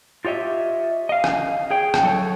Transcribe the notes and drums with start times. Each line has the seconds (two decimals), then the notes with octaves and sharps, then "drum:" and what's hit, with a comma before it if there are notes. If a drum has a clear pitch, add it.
0.25 F4 G4 C#5 D#5 E5
1.09 D#5 F5
1.24 drum: rim click
1.71 G#4 C#5 G5
1.94 drum: rim click
2.03 F#3 A4 C#5